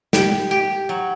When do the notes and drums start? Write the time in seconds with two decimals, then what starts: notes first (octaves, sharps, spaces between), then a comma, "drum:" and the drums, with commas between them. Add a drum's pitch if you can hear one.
0.13 G4, drum: snare
0.51 G4
0.89 F#3